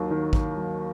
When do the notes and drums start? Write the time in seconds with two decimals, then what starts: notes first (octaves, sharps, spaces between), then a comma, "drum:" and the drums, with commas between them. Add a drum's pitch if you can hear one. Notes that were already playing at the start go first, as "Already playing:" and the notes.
Already playing: D#2 F#3 A#3
0.10 D#3
0.33 A#3, drum: kick
0.57 F#3